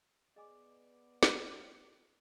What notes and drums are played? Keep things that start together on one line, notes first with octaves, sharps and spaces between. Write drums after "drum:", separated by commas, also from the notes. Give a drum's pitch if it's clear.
B3 G#4 D5 D#5 G#5 D6
drum: snare